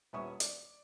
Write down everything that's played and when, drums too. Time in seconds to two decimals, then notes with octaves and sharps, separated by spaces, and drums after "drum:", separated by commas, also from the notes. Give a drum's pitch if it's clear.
0.13 D#1 B3 C#4 E5 C#6 D#6
0.40 D5, drum: hi-hat